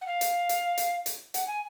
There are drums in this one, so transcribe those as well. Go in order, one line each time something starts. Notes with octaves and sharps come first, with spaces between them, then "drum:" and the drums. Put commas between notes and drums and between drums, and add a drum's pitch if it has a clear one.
F#5
F5
drum: hi-hat
drum: hi-hat
drum: hi-hat
drum: hi-hat
F#5, drum: hi-hat
G#5